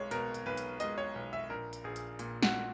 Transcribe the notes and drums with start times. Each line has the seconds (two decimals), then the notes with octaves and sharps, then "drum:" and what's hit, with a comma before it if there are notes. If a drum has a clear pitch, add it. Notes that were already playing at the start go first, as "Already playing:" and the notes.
Already playing: B1 G#3 C#5
0.11 B2 A#4, drum: hi-hat
0.34 drum: hi-hat
0.46 B1 B4
0.57 drum: hi-hat
0.80 G#3 D#5, drum: hi-hat
0.98 C#5
1.16 B1
1.33 E5
1.50 A#1 A#4
1.73 drum: hi-hat
1.84 A#1 G#4
1.96 drum: hi-hat
2.19 A#2, drum: hi-hat
2.43 F#4, drum: snare